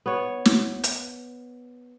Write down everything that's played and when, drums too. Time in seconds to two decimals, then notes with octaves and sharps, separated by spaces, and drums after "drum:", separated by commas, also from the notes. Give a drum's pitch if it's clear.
0.06 B3 C#5
0.45 drum: snare
0.84 drum: hi-hat